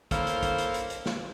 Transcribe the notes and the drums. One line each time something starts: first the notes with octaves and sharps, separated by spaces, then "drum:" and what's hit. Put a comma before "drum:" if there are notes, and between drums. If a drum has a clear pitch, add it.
A#3 E4 A4 C5 C#5 F5, drum: kick, hi-hat
drum: hi-hat
drum: kick, hi-hat
drum: hi-hat
drum: hi-hat
drum: hi-hat
drum: snare